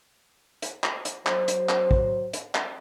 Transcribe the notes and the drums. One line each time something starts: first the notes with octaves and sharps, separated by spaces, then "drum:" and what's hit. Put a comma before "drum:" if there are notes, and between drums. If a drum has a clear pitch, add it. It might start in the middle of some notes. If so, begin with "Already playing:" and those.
drum: hi-hat
drum: clap
drum: hi-hat
F#3 C5, drum: clap
drum: hi-hat
drum: clap
drum: kick
drum: hi-hat
drum: clap